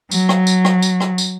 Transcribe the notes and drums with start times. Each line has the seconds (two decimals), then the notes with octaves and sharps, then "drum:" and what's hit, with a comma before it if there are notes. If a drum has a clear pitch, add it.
0.11 F#3, drum: tambourine
0.29 drum: rim click
0.47 drum: tambourine
0.65 drum: rim click
0.82 drum: tambourine
1.00 drum: rim click
1.18 drum: tambourine